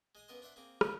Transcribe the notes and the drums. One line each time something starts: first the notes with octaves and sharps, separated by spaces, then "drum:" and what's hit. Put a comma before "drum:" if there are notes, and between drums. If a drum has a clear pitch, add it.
G#3 G#5 D#6
C#2 B3 A#4 D#5 C6
D4 C5 E5 F#5
A#3 C4 G#4
D#3 A3 C#4 F4, drum: rim click